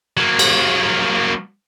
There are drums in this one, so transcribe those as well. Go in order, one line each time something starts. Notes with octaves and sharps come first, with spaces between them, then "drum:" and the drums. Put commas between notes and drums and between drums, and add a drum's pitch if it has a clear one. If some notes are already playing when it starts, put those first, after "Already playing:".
F#3 A#3
drum: cymbal